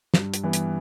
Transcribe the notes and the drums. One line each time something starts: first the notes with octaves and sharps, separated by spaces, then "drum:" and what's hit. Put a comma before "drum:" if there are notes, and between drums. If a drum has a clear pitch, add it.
G2, drum: snare
drum: hi-hat
E3 G3 B3
drum: hi-hat